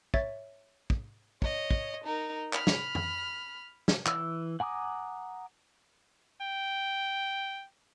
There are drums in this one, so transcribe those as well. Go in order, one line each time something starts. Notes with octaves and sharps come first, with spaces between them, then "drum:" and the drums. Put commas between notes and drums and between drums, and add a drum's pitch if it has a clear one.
C#5 E5 A6, drum: kick
drum: kick
C#5 D#5, drum: kick
drum: kick
D#4 A#4
B5 F6, drum: clap
drum: snare
drum: tom
drum: snare
E3 E6, drum: clap
F#5 G#5 A#5 D6 D#6
G5